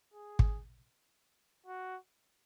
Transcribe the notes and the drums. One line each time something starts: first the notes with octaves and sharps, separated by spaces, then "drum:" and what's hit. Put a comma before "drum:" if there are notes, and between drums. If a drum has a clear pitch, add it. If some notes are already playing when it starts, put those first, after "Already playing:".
G#4
drum: kick
F#4